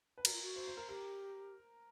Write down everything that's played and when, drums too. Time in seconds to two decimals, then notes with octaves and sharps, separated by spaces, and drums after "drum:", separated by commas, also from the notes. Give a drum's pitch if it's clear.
0.18 B4
0.25 F#4 A#4, drum: cymbal
0.33 F4
0.42 F#4
0.56 C5
0.67 C5
0.77 A#4
0.88 G4 A#4